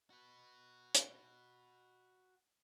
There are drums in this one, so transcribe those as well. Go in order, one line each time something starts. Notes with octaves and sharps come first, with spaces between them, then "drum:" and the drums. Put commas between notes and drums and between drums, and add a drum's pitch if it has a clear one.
F#4 B4
drum: hi-hat